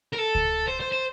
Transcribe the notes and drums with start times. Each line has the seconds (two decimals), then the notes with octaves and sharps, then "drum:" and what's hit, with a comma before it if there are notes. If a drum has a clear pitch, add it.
0.13 A#4
0.19 A4
0.35 drum: kick C#2
0.67 C5
0.80 C5
0.92 C5